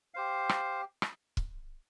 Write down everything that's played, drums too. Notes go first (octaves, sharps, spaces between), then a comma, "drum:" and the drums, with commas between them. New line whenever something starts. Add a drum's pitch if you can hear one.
G4 C5 F5
drum: rim click
drum: rim click
drum: kick